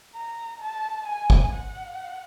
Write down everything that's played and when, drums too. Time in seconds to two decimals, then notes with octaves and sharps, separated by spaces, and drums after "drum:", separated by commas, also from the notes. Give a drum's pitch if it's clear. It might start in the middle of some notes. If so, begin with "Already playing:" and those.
0.15 A#5
0.61 A5
1.06 G#5
1.30 drum: kick
1.53 F#5